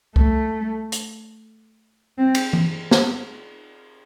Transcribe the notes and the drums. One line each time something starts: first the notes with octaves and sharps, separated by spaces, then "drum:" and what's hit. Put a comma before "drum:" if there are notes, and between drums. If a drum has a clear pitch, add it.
A3, drum: kick C2
drum: hi-hat
C4
drum: cymbal
drum: tom E3
drum: snare